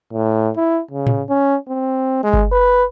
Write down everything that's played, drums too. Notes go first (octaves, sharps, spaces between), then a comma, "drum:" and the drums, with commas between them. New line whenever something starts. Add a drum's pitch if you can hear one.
A2
E4
C#3
drum: tom A2
C#4
C4
G#3
drum: kick G1
B4